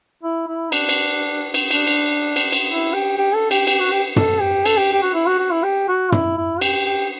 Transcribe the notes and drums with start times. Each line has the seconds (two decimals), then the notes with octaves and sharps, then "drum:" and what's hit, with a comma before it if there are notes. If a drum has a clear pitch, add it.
0.23 E4
0.48 E4
0.72 D4, drum: cymbal
0.89 drum: cymbal
1.54 drum: cymbal
1.71 D4, drum: cymbal
1.87 drum: cymbal
2.36 drum: cymbal
2.52 drum: cymbal
2.69 E4
2.93 G4
3.18 G4
3.34 A4
3.51 G4, drum: cymbal
3.67 G4, drum: cymbal
3.79 F#4
3.92 G4
4.16 A4, drum: tom
4.41 G4
4.65 A4, drum: cymbal
4.77 G4
4.93 G4
5.02 F#4
5.14 E4
5.27 F#4
5.39 F#4
5.51 E4
5.63 G4
5.88 F#4
6.12 E4, drum: tom
6.37 E4
6.61 G4, drum: cymbal
6.86 G4